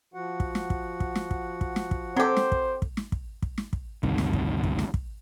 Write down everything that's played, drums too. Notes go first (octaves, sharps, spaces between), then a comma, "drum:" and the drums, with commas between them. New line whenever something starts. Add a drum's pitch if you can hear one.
F3 F#4 F#5
drum: kick
drum: snare
drum: kick
drum: kick
drum: snare
drum: kick
drum: kick
drum: snare
drum: kick
F#3 C4 G4 A4 C5
drum: snare
drum: kick
drum: kick
drum: snare
drum: kick
drum: kick
drum: snare
drum: kick
D2 G2 C3 D#3, drum: kick
drum: snare
drum: kick
drum: kick
drum: snare
drum: kick